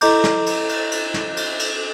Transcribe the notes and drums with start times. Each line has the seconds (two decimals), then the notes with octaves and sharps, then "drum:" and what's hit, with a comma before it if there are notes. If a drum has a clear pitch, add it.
0.01 E4 A4 D#5 A#5 D6 G6, drum: cymbal
0.24 drum: snare
0.46 drum: cymbal
0.69 drum: cymbal
0.92 drum: cymbal
1.14 drum: snare
1.37 drum: cymbal
1.59 drum: cymbal